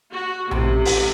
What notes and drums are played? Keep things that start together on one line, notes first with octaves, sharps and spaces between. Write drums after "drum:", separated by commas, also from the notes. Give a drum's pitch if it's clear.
F#4
A1 C3, drum: tom A#1
drum: open hi-hat